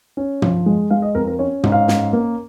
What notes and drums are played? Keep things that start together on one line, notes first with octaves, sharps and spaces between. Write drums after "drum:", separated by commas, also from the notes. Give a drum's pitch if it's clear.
C#4
F3, drum: tom
G#3
G#3 F5
D#5
F2 A#4
A#4
C#4 C#5
G#2, drum: tom
F5
C#4, drum: snare
A#3